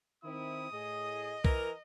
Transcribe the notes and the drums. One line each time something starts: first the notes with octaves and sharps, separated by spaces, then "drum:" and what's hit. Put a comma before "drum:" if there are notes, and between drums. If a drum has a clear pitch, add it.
D#3 C4 E4 D#6
A2 G#4 D#5
E3 A#4, drum: kick